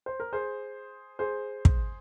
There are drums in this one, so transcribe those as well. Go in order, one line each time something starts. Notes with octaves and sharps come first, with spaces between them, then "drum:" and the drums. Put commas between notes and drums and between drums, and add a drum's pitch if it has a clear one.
C5
A#4
G#4 C5
G#4 C5
drum: kick